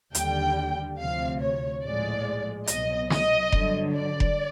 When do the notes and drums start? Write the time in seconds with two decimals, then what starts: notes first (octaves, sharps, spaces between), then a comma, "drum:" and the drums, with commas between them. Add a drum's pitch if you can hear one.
0.15 D#2 D3 G3 G5, drum: hi-hat
0.99 D2 C3 F3 F5
1.41 C#5
1.83 A#1 A2 F3 G#3 D5
2.67 C2 B2 F#3 D#5, drum: hi-hat
3.10 D#5, drum: snare
3.52 G2 D3 F#3, drum: kick F1
3.94 D5
4.20 drum: kick F1